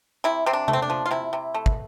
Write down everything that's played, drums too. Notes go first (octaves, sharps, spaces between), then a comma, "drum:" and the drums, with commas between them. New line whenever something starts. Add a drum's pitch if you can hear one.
C3 E4
C3 C4
D4
A3, drum: tom C3
C4
D4
F3
F4
C3 E4
C3
A3
drum: kick